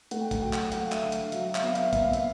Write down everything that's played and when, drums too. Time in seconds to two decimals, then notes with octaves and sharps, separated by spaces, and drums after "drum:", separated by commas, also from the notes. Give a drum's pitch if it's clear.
0.11 A3 F#5, drum: hi-hat
0.21 G5
0.31 F#5, drum: kick, hi-hat
0.42 F#3 G5
0.53 F#5, drum: clap
0.72 A3 F#5, drum: hi-hat
0.82 F5
0.92 E5, drum: clap
1.02 D3 F5
1.12 drum: hi-hat
1.32 F#3 E5, drum: hi-hat
1.44 F5
1.55 E5, drum: clap
1.62 B3 F5
1.75 E5, drum: hi-hat
1.93 A#3 E5, drum: kick, hi-hat
2.04 F5
2.13 E5, drum: hi-hat